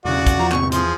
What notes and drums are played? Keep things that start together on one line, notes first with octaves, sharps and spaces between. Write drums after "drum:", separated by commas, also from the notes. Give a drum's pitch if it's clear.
B1 E2 C#3 F#4 D5 F#5
drum: kick, hi-hat
F3 A#5
D2 G#2 C3 C#6, drum: clap
F3 G#4 C6, drum: hi-hat